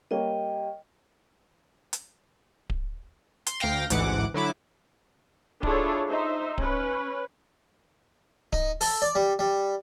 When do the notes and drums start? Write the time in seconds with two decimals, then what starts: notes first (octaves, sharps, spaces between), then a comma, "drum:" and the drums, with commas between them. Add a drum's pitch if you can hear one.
0.11 G3 A#3 C#5 D#5 G5
1.93 drum: hi-hat
2.70 drum: kick D1
3.47 C6, drum: hi-hat
3.60 D2 F5 G5 A#6, drum: snare
3.90 A1 D2 G#2 E3 F#5 D6, drum: hi-hat
4.34 D3 F#3 E4 D6
5.63 D4 E4 F4 G#4 A4 C#5, drum: kick D1
6.09 D#4 C5 E5
6.58 C#4 B4, drum: kick D1
8.53 D#4, drum: kick D1
8.81 A4, drum: open hi-hat
9.02 D5
9.15 G3
9.39 G3